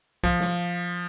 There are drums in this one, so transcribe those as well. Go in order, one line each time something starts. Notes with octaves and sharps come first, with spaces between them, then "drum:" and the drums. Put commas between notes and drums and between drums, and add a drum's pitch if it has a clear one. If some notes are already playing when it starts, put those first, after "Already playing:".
F3, drum: kick
drum: snare